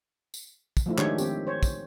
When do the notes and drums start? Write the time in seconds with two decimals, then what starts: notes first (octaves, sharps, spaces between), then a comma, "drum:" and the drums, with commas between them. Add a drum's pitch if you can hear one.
0.34 drum: tambourine
0.77 drum: kick, tambourine
0.86 F3 A3 E4
0.98 D#3 G#3 D4 G4 C#5, drum: clap
1.18 C4 G4, drum: tambourine
1.47 C5 C#5
1.63 drum: kick, tambourine